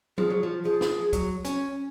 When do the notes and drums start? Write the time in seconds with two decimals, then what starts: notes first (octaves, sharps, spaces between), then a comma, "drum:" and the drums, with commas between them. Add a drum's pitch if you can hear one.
0.18 F3 G#4, drum: tom
0.30 F#3
0.43 F3
0.65 F3 G#4
0.81 drum: snare
1.13 F#3, drum: kick, hi-hat
1.45 C#4, drum: hi-hat